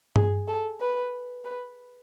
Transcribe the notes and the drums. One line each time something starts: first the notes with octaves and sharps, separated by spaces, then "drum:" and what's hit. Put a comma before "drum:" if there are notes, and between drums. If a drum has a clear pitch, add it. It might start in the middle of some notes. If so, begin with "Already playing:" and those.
G#4, drum: tom G2
A4
B4
B4